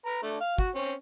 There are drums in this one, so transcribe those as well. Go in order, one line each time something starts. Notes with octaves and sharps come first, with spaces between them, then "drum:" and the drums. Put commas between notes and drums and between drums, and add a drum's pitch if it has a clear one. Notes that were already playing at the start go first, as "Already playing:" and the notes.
B4 A#5
A3 D4
F5
F#4, drum: kick
C4 C#4